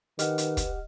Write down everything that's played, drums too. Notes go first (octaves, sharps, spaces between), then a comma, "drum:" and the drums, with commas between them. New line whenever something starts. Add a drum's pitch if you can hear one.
D#3 G4 B4 D#5 F#5 F6, drum: hi-hat
drum: hi-hat
drum: kick, hi-hat